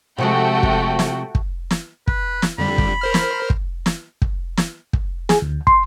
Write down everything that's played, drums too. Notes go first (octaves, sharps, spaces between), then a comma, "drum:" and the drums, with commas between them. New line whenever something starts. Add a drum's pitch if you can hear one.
C3 F3 G#3 A3 F#4 G5
drum: kick
drum: snare
drum: kick
drum: snare
B4, drum: kick
drum: snare
F2 D3 G3 B5
drum: kick
A#4 C5 F6
drum: snare
drum: kick
drum: snare
drum: kick
drum: snare
drum: kick
G#4, drum: snare
D2
C6, drum: kick